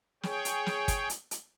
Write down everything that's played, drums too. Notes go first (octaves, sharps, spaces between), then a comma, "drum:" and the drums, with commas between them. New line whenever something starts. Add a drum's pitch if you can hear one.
G#4 C#5 G5, drum: snare
drum: hi-hat
drum: snare
drum: kick, hi-hat
drum: hi-hat
drum: hi-hat